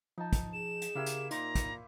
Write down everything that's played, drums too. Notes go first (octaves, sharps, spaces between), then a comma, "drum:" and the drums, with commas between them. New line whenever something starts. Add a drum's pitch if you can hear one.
F3 D#4 A5
drum: kick, hi-hat
G#4 E7
drum: hi-hat
C#3 A#3 E4 G4
drum: hi-hat
A#2 D#4 C5 A#5, drum: hi-hat
drum: kick, hi-hat